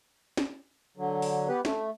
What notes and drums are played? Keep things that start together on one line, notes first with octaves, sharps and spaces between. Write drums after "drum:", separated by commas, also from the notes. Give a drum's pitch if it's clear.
drum: snare
D3 F#3
drum: open hi-hat
B3 G4 B4
A3, drum: snare